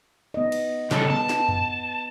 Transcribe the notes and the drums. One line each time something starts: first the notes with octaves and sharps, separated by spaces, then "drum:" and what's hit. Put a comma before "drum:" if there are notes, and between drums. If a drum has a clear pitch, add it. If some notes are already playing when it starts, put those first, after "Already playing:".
B3 D#5
drum: cymbal
C#3 G3 A4, drum: snare
B3 A5
drum: snare
drum: tom F2